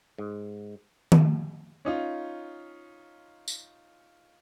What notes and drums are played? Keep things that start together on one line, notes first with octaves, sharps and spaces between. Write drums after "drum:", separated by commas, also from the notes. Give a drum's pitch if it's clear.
G#2
drum: tom D#3
C#4 D#4 F4
drum: tambourine